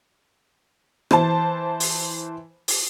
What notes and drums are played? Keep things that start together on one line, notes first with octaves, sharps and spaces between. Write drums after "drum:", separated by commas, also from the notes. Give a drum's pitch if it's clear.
E3 C5 A5, drum: rim click
drum: open hi-hat
drum: open hi-hat